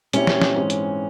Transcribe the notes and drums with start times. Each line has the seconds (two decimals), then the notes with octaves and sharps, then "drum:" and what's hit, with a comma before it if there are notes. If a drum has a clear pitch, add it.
0.13 A#2 G3 C4 C#4 E4 G4, drum: hi-hat
0.27 drum: snare
0.42 drum: snare
0.55 G#2 E3 G#3 C4
0.70 drum: hi-hat